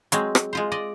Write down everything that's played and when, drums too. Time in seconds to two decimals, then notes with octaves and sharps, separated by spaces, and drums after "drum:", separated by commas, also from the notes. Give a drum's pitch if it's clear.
0.12 F#3 G#3 C4, drum: hi-hat
0.35 drum: rim click
0.53 G#3 F4 C5
0.72 D5 D#5